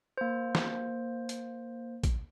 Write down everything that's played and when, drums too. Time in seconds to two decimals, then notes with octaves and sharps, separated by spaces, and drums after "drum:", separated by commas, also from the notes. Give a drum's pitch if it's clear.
0.18 A#3 C5
0.55 drum: snare
1.29 drum: hi-hat
2.04 drum: kick, hi-hat